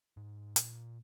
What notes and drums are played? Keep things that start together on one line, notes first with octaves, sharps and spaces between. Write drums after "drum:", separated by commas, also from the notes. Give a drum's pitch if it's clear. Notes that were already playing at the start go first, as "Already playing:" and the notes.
G#2
A#2, drum: hi-hat